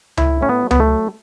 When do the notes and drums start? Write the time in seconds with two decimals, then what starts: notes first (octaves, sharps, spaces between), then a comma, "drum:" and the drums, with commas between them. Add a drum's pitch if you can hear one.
0.17 A2 E4, drum: tom C#2
0.41 A2 C#4
0.49 B3
0.64 F#3
0.71 B3, drum: tom C#2
0.80 A3
0.87 F#3